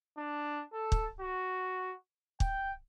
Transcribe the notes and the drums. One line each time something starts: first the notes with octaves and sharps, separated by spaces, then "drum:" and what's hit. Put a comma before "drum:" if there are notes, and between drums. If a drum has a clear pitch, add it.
D4
A4
drum: kick
F#4
G5, drum: kick